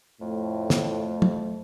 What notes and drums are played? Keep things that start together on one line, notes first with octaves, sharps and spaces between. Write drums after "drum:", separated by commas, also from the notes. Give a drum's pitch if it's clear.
F2 A2 A3
drum: snare
drum: tom